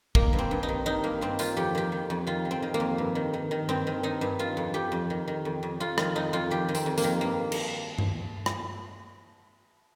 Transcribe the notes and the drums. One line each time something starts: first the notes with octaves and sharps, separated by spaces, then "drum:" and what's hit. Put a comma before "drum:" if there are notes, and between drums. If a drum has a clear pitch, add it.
D#3 A#3, drum: kick
G2
C4
G2
D#4
D#3
D#3 D#4
G2 A#3
G2 C4
D#3 F4, drum: tambourine
F2 G4
D#3 G4
D#3
F2
D#3 F4
D#3
C4
D#3
A#3
F2
G2
D#3
D#3
D#3
G2 C4
D#3
D#3 D#4
G2
D#3 F4
F2
F2 G4
F2
D#3
D#3
F2
F2
F2 F4
D#3 F4, drum: rim click
F2 D#4
F2 F4
D#3 G4
D#3
C4, drum: tambourine
F2
A#3, drum: tambourine
D#3
G2 A#3
drum: cymbal
drum: tom G2
drum: rim click